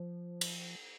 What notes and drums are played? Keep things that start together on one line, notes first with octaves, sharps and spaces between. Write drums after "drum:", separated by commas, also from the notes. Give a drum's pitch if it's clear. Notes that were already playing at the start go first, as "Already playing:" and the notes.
Already playing: F3
drum: cymbal